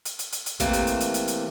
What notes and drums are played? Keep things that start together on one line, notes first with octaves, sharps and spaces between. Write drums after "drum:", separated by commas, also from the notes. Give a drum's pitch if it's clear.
drum: hi-hat
drum: hi-hat
drum: hi-hat
drum: hi-hat
C3 E3 A3 A#3, drum: kick, hi-hat
drum: hi-hat
drum: hi-hat
drum: hi-hat
drum: hi-hat
drum: hi-hat